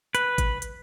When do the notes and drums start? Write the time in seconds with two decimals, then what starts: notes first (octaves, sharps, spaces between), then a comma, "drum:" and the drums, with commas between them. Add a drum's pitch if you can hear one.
0.15 B4, drum: hi-hat
0.38 drum: kick G#1, hi-hat
0.62 drum: hi-hat